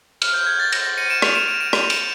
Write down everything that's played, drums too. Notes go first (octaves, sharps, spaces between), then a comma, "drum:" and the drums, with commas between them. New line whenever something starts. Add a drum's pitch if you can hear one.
F6, drum: cymbal
G6
G#6
A6
A#6, drum: cymbal
A#6
C#7 D#7
D7 E7
D#7 F7, drum: rim click
D7 E7
D7 E7
D7 E7
D#7 F7, drum: rim click
D7 E7, drum: cymbal